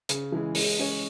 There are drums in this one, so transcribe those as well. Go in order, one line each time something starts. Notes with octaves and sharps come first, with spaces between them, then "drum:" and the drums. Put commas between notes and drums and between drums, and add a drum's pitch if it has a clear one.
C#3, drum: hi-hat
E3 G#3
G#3, drum: open hi-hat
C#4 G#4 C#5